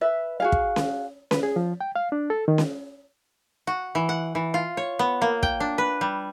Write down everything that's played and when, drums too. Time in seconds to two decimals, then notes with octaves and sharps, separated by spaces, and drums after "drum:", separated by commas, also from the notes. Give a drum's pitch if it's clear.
0.01 B4 E5
0.40 F#4 G#4 F5
0.52 drum: kick
0.76 drum: snare C#4
1.31 B4, drum: snare C#4
1.43 G#4
1.56 F3
1.81 G5
1.96 F5
2.12 D4
2.30 A4
2.48 D#3
2.58 drum: snare C#4
3.67 F#4
3.95 E3
4.09 F#5
4.35 E3
4.54 F4
4.77 C#5
4.99 B3
5.22 A#3
5.43 G5, drum: kick
5.60 D4
5.78 B4
6.01 G3